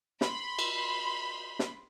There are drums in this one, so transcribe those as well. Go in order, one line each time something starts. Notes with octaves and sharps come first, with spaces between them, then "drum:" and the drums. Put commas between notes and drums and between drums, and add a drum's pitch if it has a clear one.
B5 C6, drum: snare
drum: cymbal
drum: snare